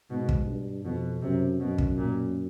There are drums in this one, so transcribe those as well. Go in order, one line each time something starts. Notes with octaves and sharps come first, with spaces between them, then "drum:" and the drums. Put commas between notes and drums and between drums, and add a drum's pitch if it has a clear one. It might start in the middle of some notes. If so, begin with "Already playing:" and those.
G#2 B2
drum: kick
G2
F2 B2
F#2 C3
F#2 B2
drum: kick
A#2